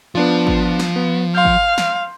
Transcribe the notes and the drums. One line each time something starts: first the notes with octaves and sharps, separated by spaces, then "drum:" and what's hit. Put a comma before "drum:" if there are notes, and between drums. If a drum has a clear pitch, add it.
F3 B3 D4 F4
drum: kick G#1
drum: snare
B3
F5 C6 G6
drum: kick G#1
drum: snare